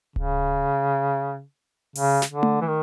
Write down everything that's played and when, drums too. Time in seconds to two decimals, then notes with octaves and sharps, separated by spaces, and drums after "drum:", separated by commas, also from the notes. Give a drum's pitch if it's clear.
0.16 C#3, drum: kick D1
1.95 C#3, drum: open hi-hat
2.22 drum: snare
2.31 D3
2.43 drum: tom A3
2.61 E3
2.67 D#3